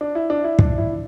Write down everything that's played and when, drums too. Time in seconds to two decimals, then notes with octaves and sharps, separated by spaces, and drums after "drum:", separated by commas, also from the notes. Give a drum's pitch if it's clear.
0.01 D4
0.15 E4
0.30 D4
0.44 E4
0.59 D4, drum: kick
0.78 E4